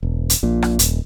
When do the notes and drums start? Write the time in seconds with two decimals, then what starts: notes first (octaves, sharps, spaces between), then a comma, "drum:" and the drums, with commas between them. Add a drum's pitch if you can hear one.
0.03 E1
0.30 drum: hi-hat
0.43 A#1 A#2
0.62 drum: rim click
0.79 D#1, drum: hi-hat